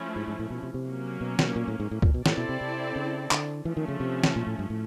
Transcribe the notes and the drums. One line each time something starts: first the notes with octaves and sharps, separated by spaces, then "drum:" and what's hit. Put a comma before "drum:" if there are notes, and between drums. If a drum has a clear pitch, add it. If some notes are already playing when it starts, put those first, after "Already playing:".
Already playing: F3 A3 C#4 E4
G#2
G#2
A2
B2
C3
C3
F#3 A#3 C#4
B2
B2, drum: snare
A#2
A2
G#2
A2
A#2, drum: kick
B2
A2 C4 E4 A4 D5, drum: snare
B2
C3
C3
C#3
D3, drum: clap
E3 F3 A3 C#4
D#3
C#3
C3
drum: snare
A#2
A2
G2
A2